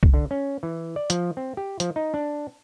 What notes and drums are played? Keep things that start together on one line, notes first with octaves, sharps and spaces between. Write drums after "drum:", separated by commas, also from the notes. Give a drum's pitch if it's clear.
drum: kick C2
D3
C#4
E3
D5
F3, drum: hi-hat
C4
G4
F3, drum: hi-hat
D#4
D4